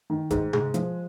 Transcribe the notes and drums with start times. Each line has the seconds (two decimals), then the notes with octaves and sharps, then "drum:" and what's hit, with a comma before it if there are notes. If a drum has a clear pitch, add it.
0.10 D#3
0.30 G#2, drum: kick, hi-hat
0.53 G#3, drum: tom C3
0.74 F3, drum: hi-hat